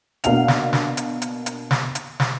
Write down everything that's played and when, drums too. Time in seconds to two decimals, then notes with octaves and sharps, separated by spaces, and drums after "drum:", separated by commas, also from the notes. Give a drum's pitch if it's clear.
0.24 B2 A#3 D4 F5 F#5 F7, drum: hi-hat
0.48 drum: snare
0.73 drum: snare
0.97 drum: hi-hat
1.22 drum: hi-hat
1.46 drum: hi-hat
1.71 drum: snare
1.95 drum: hi-hat
2.20 drum: snare